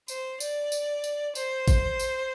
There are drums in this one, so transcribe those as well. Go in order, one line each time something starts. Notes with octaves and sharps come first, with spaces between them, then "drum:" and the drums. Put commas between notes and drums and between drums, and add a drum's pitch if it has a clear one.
C5, drum: tambourine
D5, drum: tambourine
drum: tambourine
drum: tambourine
C5, drum: tambourine
drum: kick A1, tambourine
drum: tambourine